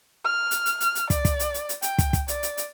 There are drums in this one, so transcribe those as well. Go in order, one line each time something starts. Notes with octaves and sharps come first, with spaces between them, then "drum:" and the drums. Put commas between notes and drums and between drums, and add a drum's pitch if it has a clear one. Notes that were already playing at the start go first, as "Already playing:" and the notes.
F6
drum: hi-hat
drum: hi-hat
drum: hi-hat
drum: hi-hat
D5, drum: kick, hi-hat
drum: kick, hi-hat
drum: hi-hat
drum: hi-hat
drum: hi-hat
G5, drum: hi-hat
drum: kick, hi-hat
drum: kick, hi-hat
D5, drum: hi-hat
drum: hi-hat
drum: hi-hat